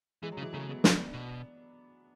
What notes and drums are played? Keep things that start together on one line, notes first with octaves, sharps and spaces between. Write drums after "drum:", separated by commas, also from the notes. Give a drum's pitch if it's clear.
E3 G#3
F#3
C#3
E3 G#3
C#3 F#3 A3
G#3 B3
B3 D4, drum: snare
B2